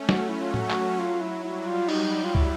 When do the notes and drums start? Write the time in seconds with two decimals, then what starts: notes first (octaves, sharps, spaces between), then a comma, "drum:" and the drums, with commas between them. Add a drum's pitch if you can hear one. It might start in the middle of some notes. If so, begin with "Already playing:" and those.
Already playing: A3 C#4
0.09 F#3 F#4, drum: snare
0.29 E4
0.42 F4
0.54 F#4, drum: tom A2
0.71 drum: clap
0.99 F#3 F4
1.21 E4
1.44 G3 E4
1.67 F4
1.89 F#3 D#4, drum: cymbal
2.24 F4
2.35 E4, drum: kick